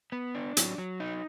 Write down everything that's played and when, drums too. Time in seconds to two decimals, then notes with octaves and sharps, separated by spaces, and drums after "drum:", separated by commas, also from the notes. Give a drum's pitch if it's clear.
0.12 B3
0.35 D4
0.57 F#3, drum: hi-hat
0.78 F#3
1.00 D#4